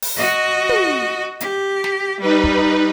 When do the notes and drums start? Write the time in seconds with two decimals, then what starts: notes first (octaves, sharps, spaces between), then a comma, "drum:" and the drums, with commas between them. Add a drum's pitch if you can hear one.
0.02 drum: open hi-hat
0.17 F#4 D#5
0.69 drum: tom
1.40 G4, drum: hi-hat
1.84 drum: snare
2.20 G3 D#4 B4
2.44 drum: kick